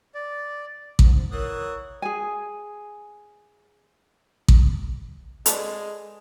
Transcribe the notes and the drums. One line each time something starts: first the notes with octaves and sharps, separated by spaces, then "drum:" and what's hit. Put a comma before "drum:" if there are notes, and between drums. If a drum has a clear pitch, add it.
D5
G#2, drum: kick A1
E3 A#4 C#5 F#5 D#6
G#4 G#5
drum: kick A1
G#3 A4 B4 D5, drum: hi-hat